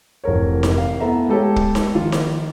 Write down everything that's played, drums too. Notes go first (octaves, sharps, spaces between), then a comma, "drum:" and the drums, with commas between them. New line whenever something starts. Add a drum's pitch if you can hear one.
F1 E3 A#4 C#5
drum: snare D#4
F5
B3 E4 A4 E5 A#5
G#3 G4 A4 B4 C#5
drum: kick
drum: snare D#4
D#3 F3 F4
drum: snare D#4